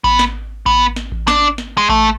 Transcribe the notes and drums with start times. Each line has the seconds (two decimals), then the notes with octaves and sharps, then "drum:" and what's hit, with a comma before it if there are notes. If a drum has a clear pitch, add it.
0.04 B3, drum: kick A1
0.19 drum: snare
0.66 B3, drum: kick A1
0.96 drum: snare
1.12 drum: kick A1
1.28 D4, drum: snare
1.58 drum: snare
1.77 G#3
1.89 A3, drum: kick A1